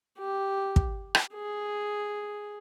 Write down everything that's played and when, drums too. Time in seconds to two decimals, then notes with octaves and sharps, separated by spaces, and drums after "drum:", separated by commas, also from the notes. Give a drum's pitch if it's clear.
0.18 G4
0.76 drum: kick
1.15 drum: rim click
1.34 G#4